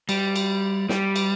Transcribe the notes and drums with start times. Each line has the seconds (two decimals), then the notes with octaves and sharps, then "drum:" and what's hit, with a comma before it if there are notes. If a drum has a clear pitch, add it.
0.09 G3, drum: cymbal
0.36 drum: cymbal
0.89 G3, drum: snare
1.16 drum: cymbal